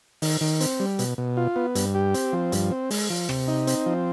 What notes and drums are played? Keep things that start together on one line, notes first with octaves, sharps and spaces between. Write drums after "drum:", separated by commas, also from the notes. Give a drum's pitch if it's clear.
D#3, drum: open hi-hat
D#3
C4, drum: hi-hat
G3
B2, drum: hi-hat
B2
F4
B3
G2, drum: hi-hat
G4
C4, drum: hi-hat
F3
G2, drum: hi-hat
C4
G#3, drum: open hi-hat
F3
C3, drum: rim click
D#4
C4, drum: hi-hat
F3